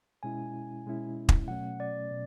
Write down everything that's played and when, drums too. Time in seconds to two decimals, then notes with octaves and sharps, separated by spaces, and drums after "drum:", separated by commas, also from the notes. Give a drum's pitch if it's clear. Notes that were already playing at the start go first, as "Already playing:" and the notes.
0.23 B2 G#3 C#4 E4 G#5
0.86 B2 G#3 C#4 E4
1.29 drum: kick
1.48 B2 F#3 A3 C#4 F#5
1.80 D5
2.11 B2